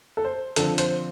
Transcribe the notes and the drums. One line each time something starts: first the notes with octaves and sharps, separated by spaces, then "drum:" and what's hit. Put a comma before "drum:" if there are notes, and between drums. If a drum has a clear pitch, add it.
A4
C5
D3 F3 C4 A4, drum: hi-hat
C5, drum: hi-hat